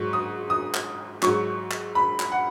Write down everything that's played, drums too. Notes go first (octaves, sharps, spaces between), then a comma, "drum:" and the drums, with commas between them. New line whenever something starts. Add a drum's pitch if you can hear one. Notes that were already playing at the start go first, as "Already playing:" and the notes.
Already playing: G#2 F#3 C#6
D#6
D#6
drum: clap
G#2 F#3 C#6, drum: clap
drum: clap
B5
drum: clap
F#5